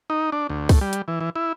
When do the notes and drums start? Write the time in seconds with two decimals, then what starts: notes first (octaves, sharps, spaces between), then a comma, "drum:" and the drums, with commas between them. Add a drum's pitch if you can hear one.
0.10 D#4
0.32 D4
0.49 D2
0.69 A2, drum: kick C2, open hi-hat
0.81 G3
0.93 drum: hi-hat
1.08 E3
1.20 E3
1.36 E4